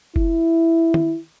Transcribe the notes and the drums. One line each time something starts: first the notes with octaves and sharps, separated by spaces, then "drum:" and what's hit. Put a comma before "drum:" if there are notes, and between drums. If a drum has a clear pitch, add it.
E4, drum: kick F#1
drum: tom